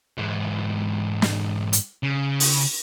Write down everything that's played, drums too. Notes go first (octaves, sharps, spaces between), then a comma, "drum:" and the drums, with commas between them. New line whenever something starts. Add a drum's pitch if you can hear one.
G#2 E3
drum: snare
drum: hi-hat
C#3
drum: open hi-hat